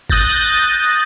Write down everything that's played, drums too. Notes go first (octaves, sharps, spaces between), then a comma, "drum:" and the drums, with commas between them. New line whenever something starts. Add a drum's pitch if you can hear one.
D#6 F#6 G6 A6 A#6, drum: kick G1